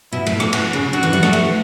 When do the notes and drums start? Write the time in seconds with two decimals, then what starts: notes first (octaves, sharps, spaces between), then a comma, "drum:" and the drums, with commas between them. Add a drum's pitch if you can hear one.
0.12 B2 E4
0.26 A2, drum: cymbal
0.40 A2, drum: rim click
0.53 B2 F#4, drum: cymbal
0.73 C#3
0.93 D3 F#4
1.03 E3
1.13 G3
1.23 A3, drum: rim click
1.33 B3, drum: cymbal